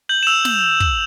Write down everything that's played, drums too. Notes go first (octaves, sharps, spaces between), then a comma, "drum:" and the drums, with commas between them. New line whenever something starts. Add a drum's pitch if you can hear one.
G6 F#7
E7
E6 F7
drum: snare
drum: kick